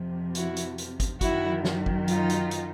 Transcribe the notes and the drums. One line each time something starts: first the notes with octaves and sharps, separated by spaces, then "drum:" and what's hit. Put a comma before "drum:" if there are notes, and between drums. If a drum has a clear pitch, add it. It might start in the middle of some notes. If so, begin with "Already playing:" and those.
Already playing: F2 C3 F3
E4 F#4, drum: hi-hat
drum: hi-hat
drum: hi-hat
drum: kick, hi-hat
F#2 D#3 F#3 E4 F#4, drum: kick, hi-hat
drum: snare
drum: kick
D#4 F4, drum: hi-hat
drum: hi-hat
drum: hi-hat